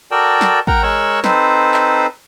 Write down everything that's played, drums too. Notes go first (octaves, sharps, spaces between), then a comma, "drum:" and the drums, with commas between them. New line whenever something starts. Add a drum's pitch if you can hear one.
F#4 A4 A#4 D5 G5 A5
drum: snare
A#4 F#5 G5 A#5, drum: kick
G#3 A#4 C#5 C#6 E6 F#6
C4 D#4 A4 B4 C5, drum: snare
drum: clap